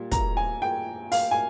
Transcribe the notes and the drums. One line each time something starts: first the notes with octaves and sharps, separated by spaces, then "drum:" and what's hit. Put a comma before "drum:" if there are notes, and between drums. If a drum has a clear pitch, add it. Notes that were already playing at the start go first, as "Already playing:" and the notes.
Already playing: A#2 G3
A#5, drum: kick, hi-hat
G#5
G5
F5, drum: open hi-hat
G#5